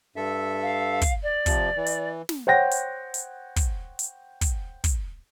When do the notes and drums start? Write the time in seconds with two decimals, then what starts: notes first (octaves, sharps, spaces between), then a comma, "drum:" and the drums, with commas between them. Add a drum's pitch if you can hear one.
0.16 G2 A4 E5
0.62 F5
1.01 drum: kick, hi-hat
1.23 D5
1.46 C3 F3, drum: kick, hi-hat
1.77 E3
1.86 drum: hi-hat
2.29 drum: snare
2.47 C5 C#5 F#5 G5 A#6
2.71 drum: hi-hat
3.14 drum: hi-hat
3.56 drum: kick, hi-hat
3.99 drum: hi-hat
4.41 drum: kick, hi-hat
4.84 drum: kick, hi-hat